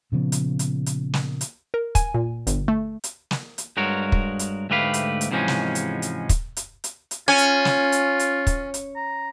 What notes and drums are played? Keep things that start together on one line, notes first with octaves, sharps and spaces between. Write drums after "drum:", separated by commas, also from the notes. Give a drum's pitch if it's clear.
A#2 C#3 F3 B3
drum: hi-hat
drum: hi-hat
drum: hi-hat
drum: snare
drum: hi-hat
A#4
G#5, drum: kick, hi-hat
A#2
G1, drum: hi-hat
A3
drum: hi-hat
drum: snare
drum: hi-hat
G2 G#3 F#4 A#4 C#5
drum: kick
drum: hi-hat
D2 G#2 A3 G4 B4 F5
drum: hi-hat
drum: hi-hat
G#2 C3 E3 F3 G#3 C#4
drum: snare
drum: hi-hat
drum: hi-hat
drum: kick, hi-hat
drum: hi-hat
drum: hi-hat
drum: hi-hat
C#4 F4 G#5
drum: hi-hat
drum: snare
drum: hi-hat
drum: hi-hat
drum: kick, hi-hat
drum: hi-hat
A#5